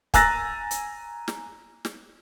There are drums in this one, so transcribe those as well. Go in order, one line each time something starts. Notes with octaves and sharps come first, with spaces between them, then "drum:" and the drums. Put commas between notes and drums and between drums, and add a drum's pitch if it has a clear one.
G#5 A#5 E6 F#6 A6 A#6, drum: kick, hi-hat
drum: hi-hat
drum: snare
drum: snare